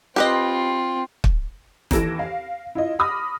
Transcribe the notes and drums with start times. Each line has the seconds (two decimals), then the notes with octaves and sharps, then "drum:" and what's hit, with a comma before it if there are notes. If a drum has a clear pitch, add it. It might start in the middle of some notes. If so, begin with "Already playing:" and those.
0.16 C4 F4 G4 B4 D#5
1.24 drum: kick
1.91 D#2 E3 A4 A#6 D7 E7, drum: snare
2.19 F5
2.75 E4 F4 D#5
2.99 B5 D6 D#6 F6 A#6